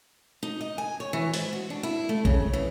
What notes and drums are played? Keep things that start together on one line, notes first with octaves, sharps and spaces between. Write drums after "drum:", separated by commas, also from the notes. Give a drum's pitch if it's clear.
D#4
D#5
G#5
C#5
E3
G#2, drum: open hi-hat
F#4
D4
E4
A3
C#3, drum: kick
E3